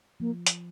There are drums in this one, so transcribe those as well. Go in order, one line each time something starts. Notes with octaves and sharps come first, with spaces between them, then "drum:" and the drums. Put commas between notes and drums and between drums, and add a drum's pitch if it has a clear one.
F3 A#3
drum: hi-hat